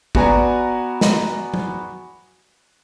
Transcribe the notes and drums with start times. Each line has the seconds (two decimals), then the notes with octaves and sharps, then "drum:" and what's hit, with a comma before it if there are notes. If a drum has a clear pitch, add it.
0.15 B3 F#4 B4 D5 G#5 A#5, drum: kick
1.01 drum: snare
1.54 drum: tom F#3